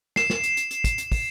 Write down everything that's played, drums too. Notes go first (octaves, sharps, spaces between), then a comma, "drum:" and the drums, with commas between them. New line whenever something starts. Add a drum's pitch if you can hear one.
C7 E7, drum: snare
drum: snare
drum: hi-hat
drum: hi-hat
drum: hi-hat
drum: kick, hi-hat
drum: hi-hat
drum: kick, open hi-hat